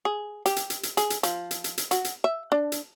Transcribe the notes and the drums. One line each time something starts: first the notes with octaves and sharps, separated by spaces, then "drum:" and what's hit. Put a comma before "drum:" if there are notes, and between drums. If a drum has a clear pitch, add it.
G#4
G4, drum: hi-hat
drum: hi-hat
drum: hi-hat
drum: hi-hat
G#4, drum: hi-hat
drum: hi-hat
F3, drum: hi-hat
drum: hi-hat
drum: hi-hat
drum: hi-hat
F#4, drum: hi-hat
drum: hi-hat
E5
D4
drum: hi-hat